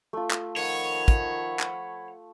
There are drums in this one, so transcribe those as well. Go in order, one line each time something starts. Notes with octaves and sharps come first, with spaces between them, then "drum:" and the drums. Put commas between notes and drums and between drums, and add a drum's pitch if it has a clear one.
A3 F4
drum: clap
D#3 F3 C#5 F#5 B5, drum: open hi-hat
drum: kick, hi-hat
drum: clap